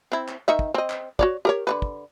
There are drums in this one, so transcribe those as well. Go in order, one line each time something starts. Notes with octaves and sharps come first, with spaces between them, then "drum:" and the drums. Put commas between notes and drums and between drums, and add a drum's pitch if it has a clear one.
C4 E4
drum: clap
D#3 D#4 E5
drum: kick
C4 D#5
drum: clap
F#4 C#5 D5, drum: kick
G4 A#4 C#5
D3 A#3 B4
drum: kick